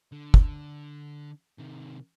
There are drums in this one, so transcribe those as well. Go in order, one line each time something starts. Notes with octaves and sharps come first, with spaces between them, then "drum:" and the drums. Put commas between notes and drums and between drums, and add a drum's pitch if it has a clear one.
D3
drum: kick
C3 D#3